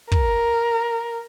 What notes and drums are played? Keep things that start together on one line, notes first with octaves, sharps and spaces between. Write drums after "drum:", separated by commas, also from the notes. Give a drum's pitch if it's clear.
A#4, drum: kick